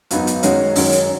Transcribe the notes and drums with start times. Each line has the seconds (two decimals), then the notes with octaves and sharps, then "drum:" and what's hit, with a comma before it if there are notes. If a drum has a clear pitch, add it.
0.11 G#1 F#2 F#3 B3 D#4, drum: hi-hat
0.27 drum: hi-hat
0.43 F#2 D#3 G#3 C#4 F#4 C#5, drum: hi-hat
0.76 F#2 D#3 G#3 C#4 F#4, drum: open hi-hat
0.92 drum: hi-hat